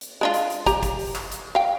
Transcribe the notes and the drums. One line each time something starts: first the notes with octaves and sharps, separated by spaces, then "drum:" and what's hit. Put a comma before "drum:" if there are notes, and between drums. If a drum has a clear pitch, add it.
drum: hi-hat
G#3 D4 F4
drum: hi-hat
drum: hi-hat
G4 A#5, drum: kick, hi-hat
drum: kick, hi-hat
drum: open hi-hat
drum: clap
drum: hi-hat
F5 G5